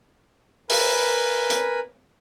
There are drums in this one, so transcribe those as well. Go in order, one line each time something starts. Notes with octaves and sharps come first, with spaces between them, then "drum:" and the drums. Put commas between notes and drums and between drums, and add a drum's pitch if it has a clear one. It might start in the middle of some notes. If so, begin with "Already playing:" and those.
A#4 B4 G#5 B5, drum: open hi-hat
drum: hi-hat